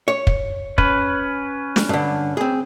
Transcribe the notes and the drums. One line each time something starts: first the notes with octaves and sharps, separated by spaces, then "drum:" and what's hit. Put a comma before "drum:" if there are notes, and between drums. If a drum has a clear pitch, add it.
C#5
drum: kick
C#4 B4, drum: kick
drum: snare
G2 D3
C4 G#4